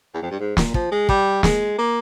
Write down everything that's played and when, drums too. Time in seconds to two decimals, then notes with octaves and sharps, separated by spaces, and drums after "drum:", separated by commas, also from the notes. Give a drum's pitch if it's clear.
0.14 E2
0.22 F2
0.31 G2
0.40 G#2
0.57 A#2, drum: snare
0.74 F3, drum: kick
0.91 G#3
1.09 G3, drum: kick
1.43 G#3, drum: snare
1.78 A#3